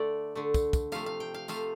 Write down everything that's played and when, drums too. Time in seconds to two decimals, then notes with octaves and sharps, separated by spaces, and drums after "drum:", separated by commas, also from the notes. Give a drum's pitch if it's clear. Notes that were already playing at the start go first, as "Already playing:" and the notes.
Already playing: D3 A3 D5
0.35 D3 A3
0.54 drum: kick, tambourine
0.73 drum: kick, tambourine
0.92 C3 F3 A3 F5, drum: tambourine
1.06 F5
1.20 G5
1.34 F5
1.48 C3 F3 A3 F5, drum: tambourine